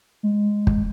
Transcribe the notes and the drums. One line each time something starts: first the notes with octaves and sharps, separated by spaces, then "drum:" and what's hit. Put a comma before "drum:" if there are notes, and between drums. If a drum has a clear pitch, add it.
G#3
drum: kick